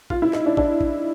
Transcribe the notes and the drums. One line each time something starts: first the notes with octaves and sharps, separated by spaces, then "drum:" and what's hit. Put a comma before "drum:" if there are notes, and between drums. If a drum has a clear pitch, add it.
F4, drum: kick
E4
D#4, drum: snare
D4
D4, drum: kick
drum: kick